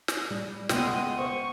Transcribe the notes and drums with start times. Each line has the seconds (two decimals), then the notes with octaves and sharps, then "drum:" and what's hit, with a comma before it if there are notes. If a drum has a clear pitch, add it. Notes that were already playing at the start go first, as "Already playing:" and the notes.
0.08 drum: snare
0.30 G3
0.69 C#2 B3 G5 C6 D#6, drum: snare
1.19 C5 C#6